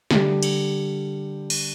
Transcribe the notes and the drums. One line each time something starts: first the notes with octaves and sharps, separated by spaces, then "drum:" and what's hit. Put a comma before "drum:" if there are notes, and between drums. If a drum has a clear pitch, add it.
D3 G3, drum: snare
drum: cymbal
drum: cymbal